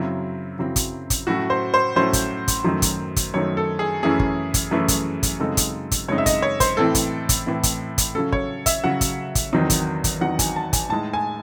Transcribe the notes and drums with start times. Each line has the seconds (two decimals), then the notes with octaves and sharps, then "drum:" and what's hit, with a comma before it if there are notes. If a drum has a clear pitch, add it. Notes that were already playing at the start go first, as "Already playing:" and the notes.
Already playing: F#2 C#3 F#3 C4 E4
0.59 F#2 C#3 F#3 C4 E4
0.76 drum: kick, hi-hat
1.10 drum: kick, hi-hat
1.27 A2 F#3 A3 C#4 F#4
1.50 C5
1.74 C5
1.96 A2 F#3 A3 C#4 C5
2.13 drum: kick, hi-hat
2.48 drum: kick, hi-hat
2.64 F#2 D#3 F#3 A3 D#4
2.82 drum: kick, hi-hat
3.16 drum: kick, hi-hat
3.34 F#2 D#3 F#3 A3 D#4 C#5
3.57 A4
3.79 G#4
4.03 F#2 E3 A3 C#4 E4 G#4
4.20 drum: kick
4.54 drum: kick, hi-hat
4.71 F#2 E3 A3 C#4 E4
4.88 drum: kick, hi-hat
5.23 drum: kick, hi-hat
5.40 F#2 C#3 G#3 C4 D#4 A4
5.57 drum: kick, hi-hat
5.91 drum: kick, hi-hat
6.08 F#2 C#3 G#3 C4 D#4 C#5
6.18 E5
6.26 D#5, drum: kick, hi-hat
6.42 C#5
6.60 C5, drum: kick, hi-hat
6.77 A2 E3 C4 E4 A4
6.95 drum: kick, hi-hat
7.29 drum: kick, hi-hat
7.46 A2 E3 C4 E4
7.63 drum: kick, hi-hat
7.98 drum: kick, hi-hat
8.15 C#3 F#3 C#4 A4
8.32 C#5, drum: kick
8.66 E5, drum: kick, hi-hat
8.84 C#3 F#3 C#4 F#5
9.01 drum: kick, hi-hat
9.35 drum: kick, hi-hat
9.53 E2 D#3 F#3 C4 D#4
9.70 drum: kick, hi-hat
10.04 drum: kick, hi-hat
10.21 E2 D#3 F#3 C4 D#4 F#5
10.39 G#5, drum: kick, hi-hat
10.56 A5
10.73 G#5, drum: kick, hi-hat
10.89 A2 G#3 D#4 A5
11.13 G#5